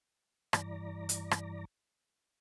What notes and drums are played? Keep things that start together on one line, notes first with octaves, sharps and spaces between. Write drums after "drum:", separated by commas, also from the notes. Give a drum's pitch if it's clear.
G2 E3 D5 A#5, drum: rim click
drum: hi-hat
drum: rim click